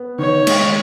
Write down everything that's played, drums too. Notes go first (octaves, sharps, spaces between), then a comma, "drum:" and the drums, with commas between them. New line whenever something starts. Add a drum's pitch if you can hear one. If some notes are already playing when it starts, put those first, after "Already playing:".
Already playing: B3
D#3 C#5
G#3, drum: cymbal